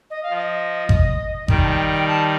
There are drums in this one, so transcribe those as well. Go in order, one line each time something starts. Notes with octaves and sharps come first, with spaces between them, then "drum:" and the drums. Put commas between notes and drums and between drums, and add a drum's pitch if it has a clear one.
D#5
F5
F3
D#5
drum: kick G#1
D#3 G3 G5, drum: kick G#1
A5
G5
G5
A5